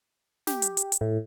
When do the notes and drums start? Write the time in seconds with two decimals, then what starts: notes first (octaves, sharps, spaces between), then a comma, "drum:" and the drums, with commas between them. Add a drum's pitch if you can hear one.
0.47 G4, drum: snare
0.62 drum: hi-hat
0.77 drum: hi-hat
0.92 drum: hi-hat
1.01 A2